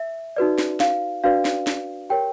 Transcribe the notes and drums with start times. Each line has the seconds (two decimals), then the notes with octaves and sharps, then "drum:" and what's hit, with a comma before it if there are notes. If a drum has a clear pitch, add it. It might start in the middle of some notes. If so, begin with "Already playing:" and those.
Already playing: E5
0.36 D#4 F#4 B4 D5
0.58 drum: snare
0.80 F5, drum: snare
1.24 D4 F#4 B4 D5 F5
1.45 drum: snare
1.67 drum: snare
2.10 G4 A#4 C#5 G5